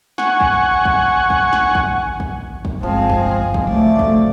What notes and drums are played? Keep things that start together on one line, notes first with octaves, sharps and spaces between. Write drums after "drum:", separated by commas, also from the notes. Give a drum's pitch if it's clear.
F#5 G#5 C#6, drum: snare
drum: kick
drum: kick
drum: kick
drum: snare
drum: kick
drum: kick
drum: kick
G1 F3 G#3 C4 G#4
drum: kick
drum: kick
G#1 C#2 F#3 A3 D5
drum: kick